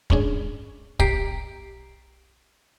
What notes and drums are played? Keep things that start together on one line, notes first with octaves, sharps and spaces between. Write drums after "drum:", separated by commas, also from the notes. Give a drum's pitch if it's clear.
D#2 G#2 C#4 D4 G#4, drum: kick
B1 G4 A#5 B6 C7 D7, drum: kick